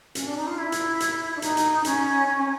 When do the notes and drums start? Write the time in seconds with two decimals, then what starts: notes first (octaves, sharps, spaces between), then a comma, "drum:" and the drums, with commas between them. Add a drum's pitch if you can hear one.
0.15 C#4, drum: hi-hat
0.26 D4
0.37 D#4
0.47 F4
0.58 E4
0.72 drum: hi-hat
1.00 drum: hi-hat
1.37 D4
1.42 D#4, drum: hi-hat
1.57 drum: hi-hat
1.85 C#4, drum: hi-hat
2.28 C#4
2.38 C#4